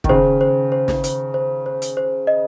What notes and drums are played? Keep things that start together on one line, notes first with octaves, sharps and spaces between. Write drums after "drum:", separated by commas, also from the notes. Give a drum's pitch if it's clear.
D#3, drum: kick
C#3 C5
C5
C5
drum: snare
C5, drum: hi-hat
C5
C5
drum: hi-hat
C5
D#5